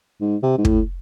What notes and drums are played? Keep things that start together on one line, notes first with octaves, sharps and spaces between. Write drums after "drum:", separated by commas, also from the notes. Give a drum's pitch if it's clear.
G#2
C3
G#2
A2, drum: kick